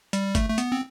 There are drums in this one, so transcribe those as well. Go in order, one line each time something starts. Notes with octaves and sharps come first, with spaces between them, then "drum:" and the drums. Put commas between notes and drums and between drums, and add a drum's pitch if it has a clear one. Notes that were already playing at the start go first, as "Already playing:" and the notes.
G3, drum: hi-hat
A3, drum: kick G1, hi-hat
A3
B3, drum: hi-hat
C4